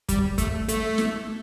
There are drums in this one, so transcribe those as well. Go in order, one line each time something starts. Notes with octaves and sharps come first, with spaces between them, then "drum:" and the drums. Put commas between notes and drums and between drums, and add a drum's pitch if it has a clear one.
G3, drum: kick, hi-hat
A3, drum: kick, hi-hat
A3, drum: hi-hat
drum: snare